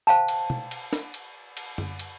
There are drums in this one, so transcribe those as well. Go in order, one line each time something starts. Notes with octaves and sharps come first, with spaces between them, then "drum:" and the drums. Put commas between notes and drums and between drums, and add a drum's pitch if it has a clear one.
C5 F5 G5 A5
drum: cymbal
drum: tom
drum: cymbal
drum: snare
drum: cymbal
drum: cymbal
drum: tom F#2
drum: cymbal